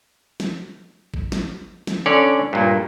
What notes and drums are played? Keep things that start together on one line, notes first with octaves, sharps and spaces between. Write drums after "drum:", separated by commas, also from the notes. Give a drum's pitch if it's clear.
drum: snare
drum: kick
drum: snare
drum: snare
D3 C#4 C#5 D5
G2 A#2